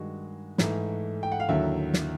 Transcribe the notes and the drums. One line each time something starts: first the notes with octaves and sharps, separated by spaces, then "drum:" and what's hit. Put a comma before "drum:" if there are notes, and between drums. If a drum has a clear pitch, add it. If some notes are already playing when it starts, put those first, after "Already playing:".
Already playing: G2 D#3 G#3 F#4
G#2 E3 A3, drum: snare
G5
F#5
F5
D#2 D3 F#3 E4 E5
drum: snare